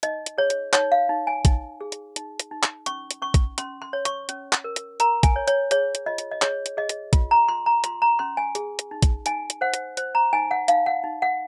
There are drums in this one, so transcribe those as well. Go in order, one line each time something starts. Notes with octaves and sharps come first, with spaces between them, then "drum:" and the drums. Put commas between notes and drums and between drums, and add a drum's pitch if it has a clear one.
D#4 D#5, drum: hi-hat
drum: hi-hat
G#4 C#5
drum: hi-hat
D#4 C#5, drum: clap
F5
D#4
G#5
D#4, drum: kick, hi-hat
G#4
drum: hi-hat
D#4, drum: hi-hat
drum: hi-hat
D#4
drum: clap
C#4 C#6, drum: hi-hat
drum: hi-hat
C#4 C#6
drum: kick, hi-hat
C#4 C6, drum: hi-hat
C6
C#5
C#6, drum: hi-hat
C#4, drum: hi-hat
drum: clap
A#4
drum: hi-hat
A#4 A#5, drum: hi-hat
G#5, drum: kick, hi-hat
C#5
C#5, drum: hi-hat
G#4 C#5, drum: hi-hat
drum: hi-hat
F4 D#5
drum: hi-hat
D#5
G#4 C#5, drum: clap
drum: hi-hat
G#4 D#5
drum: hi-hat
F4, drum: kick, hi-hat
A#5
F4 C6
A#5
F4 C6, drum: hi-hat
A#5
C#4 C6
G#5
G#4, drum: hi-hat
drum: hi-hat
D#4
drum: kick, hi-hat
D#4 G#5, drum: hi-hat
drum: hi-hat
C5 F#5
drum: hi-hat
C5, drum: hi-hat
A#5
D#4 G#5
F#5
D#4 F5, drum: hi-hat
F#5
D#4
F#5